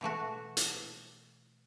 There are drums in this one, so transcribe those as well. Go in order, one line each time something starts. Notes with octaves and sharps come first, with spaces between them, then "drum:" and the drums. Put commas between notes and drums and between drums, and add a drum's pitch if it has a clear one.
B2 E3 A3 F#4
drum: hi-hat